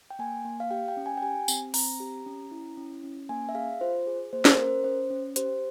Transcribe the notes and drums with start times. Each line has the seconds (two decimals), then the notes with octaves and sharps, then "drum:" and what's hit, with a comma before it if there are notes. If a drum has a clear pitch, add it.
0.10 G5
0.19 A#3 G#5
0.45 A#3
0.60 F5
0.71 G4 G5
0.88 G5
0.97 C#4
1.06 G#5
1.17 G5
1.22 G4 G#5
1.48 C4, drum: tambourine
1.74 C4 A#5, drum: open hi-hat
2.00 G4
2.26 C#4
2.51 E4
2.77 C#4
3.04 C#4
3.29 A#3 G#5
3.49 E5
3.55 G#4 F5
3.81 F4 C5
4.07 G#4
4.33 A#3 C5
4.45 A#4, drum: snare
4.50 C5
4.59 C#4 A#4
4.67 C5
4.84 C#4 C5
5.10 C#4
5.36 G4 C5, drum: hi-hat